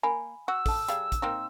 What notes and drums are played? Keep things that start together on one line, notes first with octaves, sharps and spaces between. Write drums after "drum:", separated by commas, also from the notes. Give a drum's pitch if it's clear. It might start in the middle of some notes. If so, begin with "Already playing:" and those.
A#3 G#5 B5
F#4 E6
A4 A5, drum: kick, open hi-hat
G3 G#4 F5, drum: hi-hat
drum: kick, hi-hat
A#3 C4 D#4